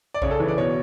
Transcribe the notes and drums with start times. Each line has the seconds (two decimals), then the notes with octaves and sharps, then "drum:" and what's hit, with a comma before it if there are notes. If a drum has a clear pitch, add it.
0.14 D5
0.22 C#3 C#5, drum: kick A#1
0.31 A4
0.40 E3 C#5
0.48 D5
0.57 B2 C#5